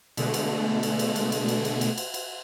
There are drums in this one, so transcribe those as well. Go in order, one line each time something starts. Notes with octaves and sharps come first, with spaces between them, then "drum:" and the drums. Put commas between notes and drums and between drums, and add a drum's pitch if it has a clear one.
B2 D3 G#3 A3, drum: cymbal
drum: cymbal
drum: cymbal
drum: cymbal
drum: cymbal
drum: cymbal
drum: cymbal
drum: cymbal
drum: cymbal
drum: cymbal
drum: cymbal